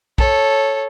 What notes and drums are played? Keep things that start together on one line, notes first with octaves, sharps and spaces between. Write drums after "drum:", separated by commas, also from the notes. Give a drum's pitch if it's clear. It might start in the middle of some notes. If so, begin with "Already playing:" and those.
A4 C#5, drum: kick